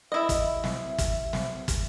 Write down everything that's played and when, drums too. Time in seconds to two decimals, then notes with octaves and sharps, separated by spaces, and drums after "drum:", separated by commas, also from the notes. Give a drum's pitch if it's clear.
0.12 E4 D#5 E5
0.29 drum: kick, hi-hat
0.64 drum: snare
0.98 drum: kick, hi-hat
1.33 drum: snare
1.68 drum: kick, hi-hat